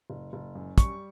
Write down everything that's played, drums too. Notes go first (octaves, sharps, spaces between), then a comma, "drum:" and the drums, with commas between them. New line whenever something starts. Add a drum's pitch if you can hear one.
F#1
F#1
F#2
G3 C#6, drum: kick, hi-hat